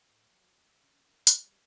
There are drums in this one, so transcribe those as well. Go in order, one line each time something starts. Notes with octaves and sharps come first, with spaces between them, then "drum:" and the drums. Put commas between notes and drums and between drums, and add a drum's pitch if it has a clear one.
A2
F#3
F#4
E5
C#3
A#4
G#5, drum: hi-hat
G3